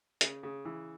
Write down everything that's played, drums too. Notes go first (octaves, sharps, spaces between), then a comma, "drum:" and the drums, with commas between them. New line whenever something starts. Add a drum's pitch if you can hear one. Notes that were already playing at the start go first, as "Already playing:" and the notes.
C#3, drum: hi-hat
C#3
E3